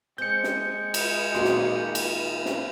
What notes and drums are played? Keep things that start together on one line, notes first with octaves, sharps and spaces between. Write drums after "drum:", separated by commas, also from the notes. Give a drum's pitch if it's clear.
G#3 C4 G6 C#7
drum: snare
drum: cymbal
A#2 D#3 A#3 F#4 C6
drum: snare
drum: cymbal
drum: snare